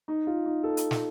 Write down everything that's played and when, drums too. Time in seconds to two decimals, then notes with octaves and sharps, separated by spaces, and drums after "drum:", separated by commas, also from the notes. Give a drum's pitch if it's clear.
0.08 D#4
0.27 F4
0.46 D#4
0.63 A4
0.77 drum: hi-hat
0.91 drum: snare